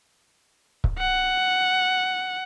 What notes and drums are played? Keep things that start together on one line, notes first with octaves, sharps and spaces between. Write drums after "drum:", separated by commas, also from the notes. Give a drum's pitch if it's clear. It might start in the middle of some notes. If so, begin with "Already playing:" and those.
drum: kick C#1
F#5